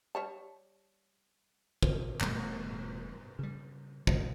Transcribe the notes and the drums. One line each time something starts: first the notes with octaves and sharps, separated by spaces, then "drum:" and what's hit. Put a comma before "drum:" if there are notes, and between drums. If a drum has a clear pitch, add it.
G3 C#5 A5
drum: kick
E1 B2 G3 A3, drum: clap
C#3 G3
B1 G#3, drum: kick